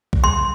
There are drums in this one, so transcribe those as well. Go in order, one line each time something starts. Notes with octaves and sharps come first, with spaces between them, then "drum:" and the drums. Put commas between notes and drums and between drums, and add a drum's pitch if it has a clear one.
drum: kick
C6